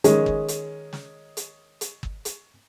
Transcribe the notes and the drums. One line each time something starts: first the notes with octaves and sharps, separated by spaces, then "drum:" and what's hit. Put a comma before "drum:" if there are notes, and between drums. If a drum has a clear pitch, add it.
D#3 G#3 C#4 G#4, drum: hi-hat
drum: kick
drum: hi-hat
drum: snare
drum: hi-hat
drum: hi-hat
drum: kick
drum: hi-hat